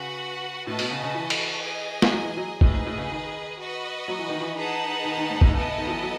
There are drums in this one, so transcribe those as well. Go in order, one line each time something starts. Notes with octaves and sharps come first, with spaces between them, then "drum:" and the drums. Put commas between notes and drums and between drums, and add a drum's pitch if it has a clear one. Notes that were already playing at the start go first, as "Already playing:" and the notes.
Already playing: C#3 F#4 B4 F#5
A2 F#4 B4 D#5 A5
B2, drum: open hi-hat
C#3
C#3
E3
drum: cymbal
G#4 D#5 G#5
E3, drum: snare
F#3
E3
F#3
A2 G#4 B4 D#5, drum: kick
G#2
A2
C#3
D#3
F#4 B4 D#5
F#3
E3
D#3
E3
D#4 G#4 B4 F#5 A5
D#3
D#3
G#2
A2, drum: kick
C#3 B3 E4 A4 D#5 A5
D#3
F#3
E3
F#3